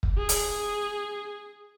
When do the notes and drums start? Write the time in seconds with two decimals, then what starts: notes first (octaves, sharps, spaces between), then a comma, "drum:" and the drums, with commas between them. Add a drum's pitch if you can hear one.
0.03 drum: kick
0.18 G#4
0.29 drum: hi-hat